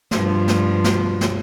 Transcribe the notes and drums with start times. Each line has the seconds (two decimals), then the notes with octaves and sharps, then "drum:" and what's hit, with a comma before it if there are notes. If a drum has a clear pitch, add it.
0.11 G2 F3, drum: snare
0.48 drum: snare
0.84 drum: snare
1.21 drum: snare